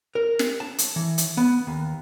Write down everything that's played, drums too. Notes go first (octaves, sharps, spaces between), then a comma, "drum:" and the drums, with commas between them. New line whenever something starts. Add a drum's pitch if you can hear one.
A#4
drum: snare
A5
drum: hi-hat
E3
drum: hi-hat
B3
D#2